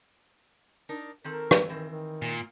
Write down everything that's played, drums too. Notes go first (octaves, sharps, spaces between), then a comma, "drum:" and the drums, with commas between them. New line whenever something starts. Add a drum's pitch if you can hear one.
D4 D#4 A#4
D#3 C4 A4 A#4
drum: rim click
D#3 E3 C4
D#3
A#2